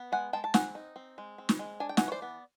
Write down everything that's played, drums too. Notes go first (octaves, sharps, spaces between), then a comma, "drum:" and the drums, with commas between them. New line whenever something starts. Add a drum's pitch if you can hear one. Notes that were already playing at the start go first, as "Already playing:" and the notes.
Already playing: B3
G#3 F#5 G#5
G#3 G5 A5
A5
C4 F#5 G#5, drum: snare
D#4
C4
G#3
C4
drum: snare
G#3
D4 G#5
G5
E3 F#5 G#5, drum: snare
C#5
C5 D5
B3